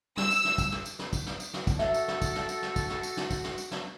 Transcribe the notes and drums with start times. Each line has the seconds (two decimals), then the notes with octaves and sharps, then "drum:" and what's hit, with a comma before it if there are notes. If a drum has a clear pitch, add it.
0.17 G3 E6, drum: snare
0.31 drum: tambourine
0.45 drum: snare
0.58 drum: kick, tambourine
0.72 drum: snare
0.85 drum: tambourine
0.99 drum: snare
1.13 drum: kick, tambourine
1.26 drum: snare
1.40 drum: tambourine
1.54 drum: snare
1.67 drum: kick, tambourine
1.79 F#4 A4 E5, drum: snare
1.94 drum: tambourine
2.08 drum: snare
2.22 drum: kick, tambourine
2.35 drum: snare
2.49 drum: tambourine
2.62 drum: snare
2.76 drum: kick, tambourine
2.90 drum: snare
3.03 drum: tambourine
3.17 drum: snare
3.30 drum: kick, tambourine
3.44 drum: snare
3.58 drum: tambourine
3.71 drum: snare